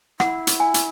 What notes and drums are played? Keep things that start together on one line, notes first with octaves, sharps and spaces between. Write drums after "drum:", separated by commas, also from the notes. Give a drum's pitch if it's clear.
E4 F#5, drum: rim click
drum: hi-hat
G#5
drum: hi-hat